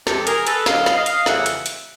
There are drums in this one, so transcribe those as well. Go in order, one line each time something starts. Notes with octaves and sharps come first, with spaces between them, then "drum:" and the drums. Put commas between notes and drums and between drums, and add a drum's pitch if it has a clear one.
F2 C3 E3 G#3 C4 G4 A4, drum: snare
G#4 A#4, drum: hi-hat
A4 B4, drum: hi-hat
F#2 D3 F#3 D#5 F5, drum: snare
drum: snare
D#5 F5
drum: hi-hat
F2 C#3 E3 G3 A#3 E5 F#5, drum: snare
drum: hi-hat
drum: hi-hat